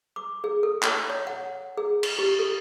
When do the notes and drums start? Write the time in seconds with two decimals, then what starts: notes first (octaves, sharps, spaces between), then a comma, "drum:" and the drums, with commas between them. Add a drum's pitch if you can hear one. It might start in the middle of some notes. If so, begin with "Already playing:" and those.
0.16 D6
0.44 G#4
0.63 A4
0.83 drum: clap
1.10 C#5
1.27 F#5
1.77 G#4
2.03 drum: cymbal
2.19 G4
2.39 A4